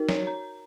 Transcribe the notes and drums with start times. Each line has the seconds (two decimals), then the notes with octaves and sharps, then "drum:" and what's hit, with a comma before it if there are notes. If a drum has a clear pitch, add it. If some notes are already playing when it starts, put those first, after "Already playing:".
Already playing: D#4 F#4 A#4
0.09 C#5, drum: snare
0.27 A#5